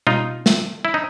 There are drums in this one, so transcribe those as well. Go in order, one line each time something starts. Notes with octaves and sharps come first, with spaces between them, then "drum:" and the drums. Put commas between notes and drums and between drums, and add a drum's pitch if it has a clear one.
D#4 F4, drum: tom B2
drum: snare
E4
D#4